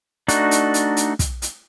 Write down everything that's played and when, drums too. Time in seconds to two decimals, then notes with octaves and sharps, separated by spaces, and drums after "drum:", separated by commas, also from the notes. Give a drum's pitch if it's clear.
0.29 A3 D4 D#4 F#4, drum: hi-hat
0.51 drum: hi-hat
0.74 drum: hi-hat
0.97 drum: hi-hat
1.19 drum: kick, hi-hat
1.42 drum: hi-hat